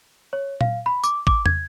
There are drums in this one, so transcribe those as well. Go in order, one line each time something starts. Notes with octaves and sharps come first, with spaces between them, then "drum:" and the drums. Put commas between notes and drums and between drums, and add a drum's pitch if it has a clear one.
C#5
F5, drum: tom A#2
B5
D6, drum: tambourine
D6, drum: kick
G#6, drum: tom